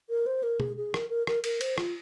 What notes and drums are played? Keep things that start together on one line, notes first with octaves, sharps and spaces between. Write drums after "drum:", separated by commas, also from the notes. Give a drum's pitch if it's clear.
A#4
C5
A#4
G#4, drum: tom B2
G#4
A#4, drum: rim click
A#4
A#4, drum: rim click
A#4, drum: cymbal
C5, drum: cymbal
F4, drum: rim click